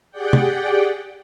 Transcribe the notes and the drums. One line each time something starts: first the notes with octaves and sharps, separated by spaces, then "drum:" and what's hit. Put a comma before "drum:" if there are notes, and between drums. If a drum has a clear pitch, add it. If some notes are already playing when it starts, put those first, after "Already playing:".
G4 G#4 D5 F#5 G5
drum: tom